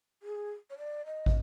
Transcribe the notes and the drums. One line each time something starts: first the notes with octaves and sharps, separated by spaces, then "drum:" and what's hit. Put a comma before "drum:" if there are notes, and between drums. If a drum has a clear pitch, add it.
G#4
C#5
D5
D#5
drum: kick